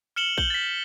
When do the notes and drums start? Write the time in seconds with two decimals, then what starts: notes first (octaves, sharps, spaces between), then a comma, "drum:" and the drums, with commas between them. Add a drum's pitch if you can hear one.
0.16 F6 C#7 E7 F#7 G7
0.38 G6 F#7 G7, drum: kick
0.50 A6 B6